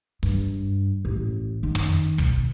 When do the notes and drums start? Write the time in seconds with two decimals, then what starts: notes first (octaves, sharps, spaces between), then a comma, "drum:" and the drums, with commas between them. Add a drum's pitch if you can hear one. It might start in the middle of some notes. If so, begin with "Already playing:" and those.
0.23 G2, drum: open hi-hat
1.05 A1
1.63 D#3
1.75 drum: tom
2.18 B2, drum: kick